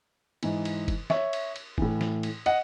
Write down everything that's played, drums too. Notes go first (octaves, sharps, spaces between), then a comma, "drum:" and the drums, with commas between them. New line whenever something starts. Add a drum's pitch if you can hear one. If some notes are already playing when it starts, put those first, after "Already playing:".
G#2 E3, drum: cymbal
drum: cymbal
drum: kick F#1, cymbal
C#5 E5, drum: snare
drum: cymbal
drum: cymbal
A2 E3, drum: kick F#1
drum: snare
drum: cymbal
D#5 F#5, drum: cymbal